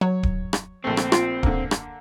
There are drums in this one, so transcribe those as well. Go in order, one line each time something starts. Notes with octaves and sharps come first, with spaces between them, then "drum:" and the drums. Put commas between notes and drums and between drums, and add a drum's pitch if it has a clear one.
F#3 C#5
drum: kick D1
drum: rim click
A#1 A3 C4
drum: rim click
F4, drum: rim click
D3 A#3, drum: kick D1
drum: rim click